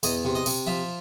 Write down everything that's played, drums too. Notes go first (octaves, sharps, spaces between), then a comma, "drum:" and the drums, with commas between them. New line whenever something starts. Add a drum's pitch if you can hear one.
E2 D#5, drum: tambourine
C3
D#5
C3, drum: tambourine
F3 E5